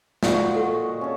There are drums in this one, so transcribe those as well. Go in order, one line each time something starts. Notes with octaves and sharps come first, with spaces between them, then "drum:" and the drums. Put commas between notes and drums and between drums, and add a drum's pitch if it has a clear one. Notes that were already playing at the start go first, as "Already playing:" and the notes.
A#2 F#4, drum: snare
A4 D#5 F#5 C#6
C#4 A4